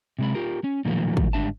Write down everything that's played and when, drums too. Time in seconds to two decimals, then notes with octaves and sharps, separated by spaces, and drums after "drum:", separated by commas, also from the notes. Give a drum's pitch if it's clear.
0.19 C3 G#3 B5
0.34 F4 G4 A#4
0.64 C#4
0.85 A#2 D#3 F3 F#3 A3 A#3
1.17 drum: kick
1.33 G#2 D3 G3 D4 E5 A5